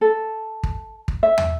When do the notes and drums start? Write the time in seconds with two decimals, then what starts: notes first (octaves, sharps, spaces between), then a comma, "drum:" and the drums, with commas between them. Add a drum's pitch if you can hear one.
0.01 A4
0.63 drum: kick
1.08 drum: kick
1.23 E5
1.38 drum: tom